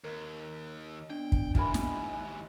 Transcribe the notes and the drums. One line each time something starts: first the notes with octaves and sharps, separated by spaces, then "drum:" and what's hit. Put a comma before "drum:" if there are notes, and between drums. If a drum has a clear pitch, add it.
D#2 A#4
B3 D4 G5
drum: kick
D#2 G#2 E4 A#4 G#5 B5, drum: kick
drum: snare